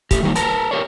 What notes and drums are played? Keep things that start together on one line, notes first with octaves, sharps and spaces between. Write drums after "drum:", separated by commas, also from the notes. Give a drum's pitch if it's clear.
A3 G4, drum: kick, hi-hat
D#3 F#3 G3 A#3 D#4
A#4 B4 A5 A#5, drum: hi-hat
G4 A#4 C#5 D5